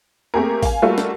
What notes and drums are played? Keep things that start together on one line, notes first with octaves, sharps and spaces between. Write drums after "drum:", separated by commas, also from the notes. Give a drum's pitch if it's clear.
A3 A#3 C4 G4 G#4 A#4
F5 G#5, drum: kick A1, open hi-hat
G3 A3 A#3 F4 F#4 A4
drum: snare